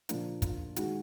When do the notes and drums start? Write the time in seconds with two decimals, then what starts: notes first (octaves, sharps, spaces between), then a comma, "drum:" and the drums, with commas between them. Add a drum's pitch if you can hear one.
0.09 A#2 F3 A#3 D4, drum: hi-hat
0.42 F4, drum: kick, hi-hat
0.76 D#3 G#3 F#4, drum: hi-hat